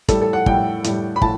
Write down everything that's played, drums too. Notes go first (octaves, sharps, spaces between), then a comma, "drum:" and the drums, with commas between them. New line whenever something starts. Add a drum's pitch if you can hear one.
A2 G3 A4, drum: kick, hi-hat
A4
F#5
A2 G3 G5, drum: kick
A2 G3, drum: hi-hat
B5
A2 A5, drum: kick